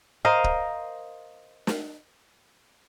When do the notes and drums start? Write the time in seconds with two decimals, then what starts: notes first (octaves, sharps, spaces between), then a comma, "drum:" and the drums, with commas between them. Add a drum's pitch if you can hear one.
0.25 A#4 C5 D#5 F5
0.44 drum: kick
1.67 drum: snare